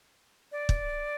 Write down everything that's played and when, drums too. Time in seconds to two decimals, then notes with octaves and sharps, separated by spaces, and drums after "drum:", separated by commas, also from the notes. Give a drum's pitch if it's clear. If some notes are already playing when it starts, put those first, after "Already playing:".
0.52 D5
0.69 drum: kick